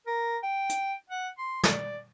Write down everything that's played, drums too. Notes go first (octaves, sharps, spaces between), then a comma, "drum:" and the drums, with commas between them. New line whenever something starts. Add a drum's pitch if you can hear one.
A#4
G5
drum: hi-hat
F#5
C6
D5, drum: snare